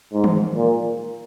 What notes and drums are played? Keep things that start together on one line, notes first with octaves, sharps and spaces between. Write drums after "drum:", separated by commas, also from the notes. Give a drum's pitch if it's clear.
G#2
drum: tom D#3
A#2